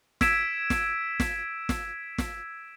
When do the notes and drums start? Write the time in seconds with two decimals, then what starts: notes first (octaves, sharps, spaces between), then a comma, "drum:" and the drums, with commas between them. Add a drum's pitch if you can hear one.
0.21 E6 G#6 B6 D7 E7, drum: snare
0.70 drum: snare
1.20 drum: snare
1.69 drum: snare
2.18 drum: snare